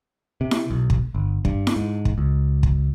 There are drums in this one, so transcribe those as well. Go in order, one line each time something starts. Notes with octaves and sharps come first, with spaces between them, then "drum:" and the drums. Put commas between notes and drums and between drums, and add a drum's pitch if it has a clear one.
C3
drum: snare E4
B1
drum: kick
G1
G2, drum: kick
drum: snare E4
G#2
drum: kick
C#2
drum: kick